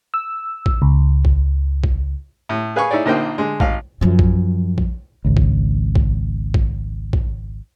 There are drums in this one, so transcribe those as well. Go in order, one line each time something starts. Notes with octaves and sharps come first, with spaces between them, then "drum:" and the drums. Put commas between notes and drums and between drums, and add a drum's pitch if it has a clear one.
E6
drum: kick A#1
C#2
drum: kick A#1
drum: kick A#1
A2
G#4 B4 F5 G#5 C#6
D#4 E4 G#4 C#5 D5
A#1 D3 A#3 D#4 C5 G5
D3 G#3
G#1 F5, drum: kick A#1
F#2 F3
drum: kick A#1
drum: kick A#1
G#1 C#2
drum: kick A#1
drum: kick A#1
drum: kick A#1
drum: kick A#1